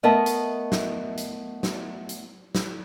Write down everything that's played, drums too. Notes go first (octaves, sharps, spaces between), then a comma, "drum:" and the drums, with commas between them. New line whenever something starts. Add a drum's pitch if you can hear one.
A3 B3 A#4 D#5 E5 A5
drum: hi-hat
drum: snare
drum: hi-hat
drum: snare
drum: hi-hat
drum: snare